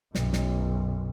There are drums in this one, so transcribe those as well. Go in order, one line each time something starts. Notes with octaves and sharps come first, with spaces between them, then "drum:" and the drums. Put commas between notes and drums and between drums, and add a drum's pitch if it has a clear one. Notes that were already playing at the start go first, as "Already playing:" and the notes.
B1 F#2, drum: snare
drum: snare